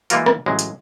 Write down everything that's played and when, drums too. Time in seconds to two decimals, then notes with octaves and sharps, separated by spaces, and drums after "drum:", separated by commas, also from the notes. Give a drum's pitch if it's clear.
0.10 E3 G#3 A#3 F4 F#4 A#4, drum: hi-hat
0.26 drum: rim click
0.46 A1 F#3 G#3
0.59 drum: hi-hat